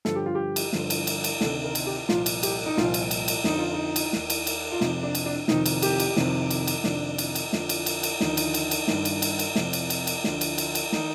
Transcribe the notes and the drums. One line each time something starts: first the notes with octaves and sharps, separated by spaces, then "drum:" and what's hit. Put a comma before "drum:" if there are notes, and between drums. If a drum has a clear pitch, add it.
G2 D3 F3 A4, drum: snare
G4
F4
G4
drum: cymbal
G2 D3 F3, drum: snare
drum: cymbal
drum: cymbal
drum: cymbal
D2 C3 D#3 A4, drum: snare
A#4
drum: cymbal
G4
C2 A#2 F3 F4, drum: snare
drum: cymbal
G4, drum: cymbal
D#4
C2 A#2 F3 F4, drum: snare
drum: cymbal
drum: cymbal
drum: cymbal
F2 D3 F3 D#4, drum: snare
F4
D#4
drum: cymbal
D#2 D#3, drum: snare
drum: cymbal
drum: cymbal
F4
F2 C3 F3 D#4, drum: snare
D4
drum: cymbal
D4
F2 C3 D#3 D#4, drum: snare
drum: cymbal
G4, drum: cymbal
drum: cymbal
F2 C3 D#3, drum: snare
drum: cymbal
drum: cymbal
F2 C3 D#3 D4, drum: snare
drum: cymbal
drum: cymbal
F2 D3 F3, drum: snare
drum: cymbal
drum: cymbal
drum: cymbal
D#2 D3 F3 D#4, drum: snare
drum: cymbal
drum: cymbal
drum: cymbal
G2 D#3, drum: snare
drum: cymbal
drum: cymbal
drum: cymbal
F2 C3 F3, drum: snare
drum: cymbal
drum: cymbal
drum: cymbal
D2 D3 F3, drum: snare
drum: cymbal
drum: cymbal
drum: cymbal
D#3 D#4, drum: snare